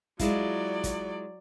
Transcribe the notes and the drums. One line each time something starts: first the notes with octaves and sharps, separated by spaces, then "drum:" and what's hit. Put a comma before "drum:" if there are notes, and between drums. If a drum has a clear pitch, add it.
F#3 G#3 E4 F4 D5, drum: kick, hi-hat
drum: kick, hi-hat